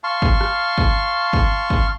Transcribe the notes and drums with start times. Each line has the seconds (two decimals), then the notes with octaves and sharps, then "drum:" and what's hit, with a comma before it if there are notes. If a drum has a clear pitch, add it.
0.04 F5 A5 C6 C#6
0.22 drum: kick
0.41 drum: rim click
0.78 drum: kick
1.33 drum: kick
1.70 drum: kick